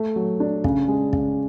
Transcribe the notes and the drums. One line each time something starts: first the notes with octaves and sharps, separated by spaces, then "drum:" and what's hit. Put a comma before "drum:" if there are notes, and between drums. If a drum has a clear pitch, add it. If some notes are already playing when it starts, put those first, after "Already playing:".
Already playing: A3
F#3
D4
C#3, drum: kick
G#3
C#3, drum: kick